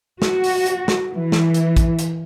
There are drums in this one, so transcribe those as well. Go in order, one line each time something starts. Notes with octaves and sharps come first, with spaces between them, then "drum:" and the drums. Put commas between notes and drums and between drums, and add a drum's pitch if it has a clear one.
F#4, drum: snare
drum: open hi-hat
drum: hi-hat
drum: snare
E3
drum: snare
drum: hi-hat
drum: kick, hi-hat
drum: hi-hat